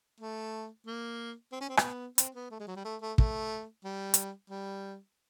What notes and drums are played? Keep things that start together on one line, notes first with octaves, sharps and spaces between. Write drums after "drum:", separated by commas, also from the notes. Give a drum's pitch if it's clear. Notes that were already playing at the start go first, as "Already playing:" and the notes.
A3
A#3
C4
C#4
C4
B3, drum: rim click
C4, drum: hi-hat
B3
A3
G#3
F#3
G3
A3
A3
A3, drum: kick
G3
drum: hi-hat
G3